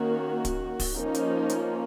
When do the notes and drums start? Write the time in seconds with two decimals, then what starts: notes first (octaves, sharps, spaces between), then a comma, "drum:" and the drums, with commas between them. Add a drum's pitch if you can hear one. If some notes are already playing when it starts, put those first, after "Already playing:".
Already playing: D#3 A#3 C#4 F#4
0.45 drum: kick, hi-hat
0.80 drum: kick, open hi-hat
0.97 F3 A#3 C#4 D#4
1.15 drum: hi-hat
1.49 drum: hi-hat